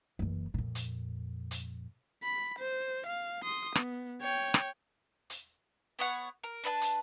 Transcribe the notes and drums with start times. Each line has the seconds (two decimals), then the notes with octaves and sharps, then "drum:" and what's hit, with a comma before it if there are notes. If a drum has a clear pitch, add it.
0.19 F#1 E3
0.54 F2 A#2
0.75 drum: hi-hat
1.51 drum: hi-hat
2.23 B5
2.59 C5
3.06 F5
3.44 C6 D#6
3.75 B3, drum: rim click
4.21 C#5 G5
4.54 drum: rim click
5.30 drum: hi-hat
5.99 B3 C#5 F#5
6.43 A#4
6.64 D4 B4 E5 A5
6.81 drum: hi-hat